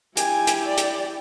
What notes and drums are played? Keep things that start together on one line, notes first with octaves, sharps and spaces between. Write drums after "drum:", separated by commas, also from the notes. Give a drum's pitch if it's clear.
E4 G4 G#5, drum: hi-hat
drum: hi-hat
D5
drum: hi-hat